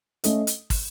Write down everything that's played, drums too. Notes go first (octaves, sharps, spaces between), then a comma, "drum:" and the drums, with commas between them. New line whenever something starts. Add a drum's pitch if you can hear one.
A3 C#4 A4 D#5, drum: hi-hat
drum: hi-hat
drum: kick, open hi-hat